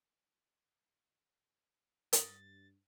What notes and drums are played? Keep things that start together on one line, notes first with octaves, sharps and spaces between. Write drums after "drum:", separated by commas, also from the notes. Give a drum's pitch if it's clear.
G2 A6, drum: hi-hat